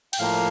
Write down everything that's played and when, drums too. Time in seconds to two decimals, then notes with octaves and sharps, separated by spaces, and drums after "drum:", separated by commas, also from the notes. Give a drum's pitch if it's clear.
0.13 G5, drum: cymbal
0.19 A2 F3 A#3 F5